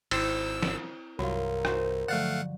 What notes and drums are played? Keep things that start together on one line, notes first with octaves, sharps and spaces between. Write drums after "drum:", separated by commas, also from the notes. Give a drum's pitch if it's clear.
G#1 C4 E4 E6, drum: cymbal
drum: snare
C2 G2 F#3 F4 A#4
D#4 F#4 C5, drum: rim click
D3 F3 F#3 A3 F5 F#5